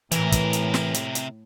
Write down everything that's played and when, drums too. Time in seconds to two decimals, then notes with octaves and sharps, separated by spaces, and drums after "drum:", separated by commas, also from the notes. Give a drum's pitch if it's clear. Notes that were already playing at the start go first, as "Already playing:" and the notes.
0.12 A2 C3 E3 A#4, drum: hi-hat
0.32 drum: kick, hi-hat
0.53 drum: hi-hat
0.74 drum: snare
0.94 drum: hi-hat
1.15 drum: hi-hat